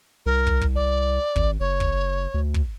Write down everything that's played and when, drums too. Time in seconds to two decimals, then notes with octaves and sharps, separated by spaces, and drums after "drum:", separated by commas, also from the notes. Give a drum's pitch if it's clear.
0.26 C2 A#4
0.47 drum: kick
0.61 drum: kick
0.75 D5
1.36 G#1, drum: kick
1.60 F#1 C#5
1.80 drum: kick
2.34 D2
2.54 drum: kick